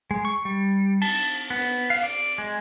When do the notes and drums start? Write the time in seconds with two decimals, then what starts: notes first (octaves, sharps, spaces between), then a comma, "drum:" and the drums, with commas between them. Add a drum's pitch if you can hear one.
0.11 G#3
0.25 C#6
0.45 G3
1.02 A5, drum: cymbal
1.50 B3
1.60 drum: hi-hat
1.90 F5, drum: open hi-hat
2.03 D5
2.38 G#3